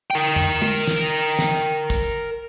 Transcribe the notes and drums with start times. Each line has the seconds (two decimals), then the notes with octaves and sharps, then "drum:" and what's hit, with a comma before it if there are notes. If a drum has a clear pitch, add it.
0.11 A#4 G5
0.36 drum: tom F2
0.62 drum: tom
0.87 drum: snare
1.39 drum: snare
1.90 drum: kick, hi-hat